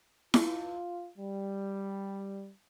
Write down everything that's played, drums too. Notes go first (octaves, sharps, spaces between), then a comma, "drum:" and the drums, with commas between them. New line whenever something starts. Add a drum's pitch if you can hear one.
F4, drum: snare E4
G3